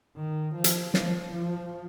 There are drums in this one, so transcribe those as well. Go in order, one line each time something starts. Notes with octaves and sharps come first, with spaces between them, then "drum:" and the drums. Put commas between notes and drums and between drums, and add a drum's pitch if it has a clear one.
D#3
F3
drum: hi-hat
F3, drum: snare
F3